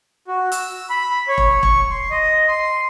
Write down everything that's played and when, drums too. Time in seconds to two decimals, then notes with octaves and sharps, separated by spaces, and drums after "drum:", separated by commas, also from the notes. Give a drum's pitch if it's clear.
0.28 F#4
0.52 E6, drum: hi-hat
0.90 B5
1.28 C#5
1.38 drum: kick E1
1.63 C#6, drum: kick E1
1.91 C6
2.10 D#5
2.48 C6